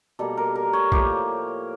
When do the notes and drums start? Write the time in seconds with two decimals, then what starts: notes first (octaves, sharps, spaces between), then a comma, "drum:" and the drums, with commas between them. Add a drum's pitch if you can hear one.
0.19 B2 G3 A#3 A4
0.37 A#4
0.55 A#4
0.73 C#5
0.92 A2 F3 A#3 G4, drum: kick A#1